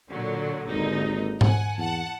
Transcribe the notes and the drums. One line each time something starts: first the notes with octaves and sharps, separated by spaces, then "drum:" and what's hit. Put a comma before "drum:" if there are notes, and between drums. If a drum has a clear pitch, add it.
A#2 D3 F#3
G#1 D#2 D3 D#4
F#5 G#5, drum: tom G#2
E2 F#5 A5